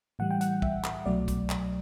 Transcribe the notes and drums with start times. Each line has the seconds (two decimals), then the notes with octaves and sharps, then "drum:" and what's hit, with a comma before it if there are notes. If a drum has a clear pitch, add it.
0.19 A2 E3 G3 F#5
0.31 G5
0.41 F#5, drum: hi-hat
0.62 E5, drum: kick
0.84 drum: clap
1.06 C2 B2 F#3 A3 D5
1.28 drum: kick, hi-hat
1.50 drum: clap